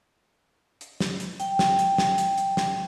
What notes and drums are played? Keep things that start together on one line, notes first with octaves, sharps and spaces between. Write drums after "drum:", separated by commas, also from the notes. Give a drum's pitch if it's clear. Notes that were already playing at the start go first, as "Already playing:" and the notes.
drum: hi-hat
drum: snare
drum: hi-hat
G5, drum: hi-hat
drum: snare
drum: hi-hat
drum: snare
drum: hi-hat
drum: hi-hat
drum: snare